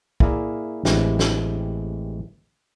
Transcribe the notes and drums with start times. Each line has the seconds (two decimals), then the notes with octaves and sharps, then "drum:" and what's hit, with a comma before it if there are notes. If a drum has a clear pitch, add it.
0.20 A#3 E4 G#4 D5 E5 A#5, drum: kick
0.85 A1 G#3 C4 E4 G4, drum: snare
1.19 drum: snare